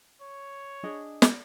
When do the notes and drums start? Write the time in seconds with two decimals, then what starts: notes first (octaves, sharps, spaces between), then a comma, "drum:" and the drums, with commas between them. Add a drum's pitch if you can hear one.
0.21 C#5
0.83 D4 G#4 D#5
1.22 drum: snare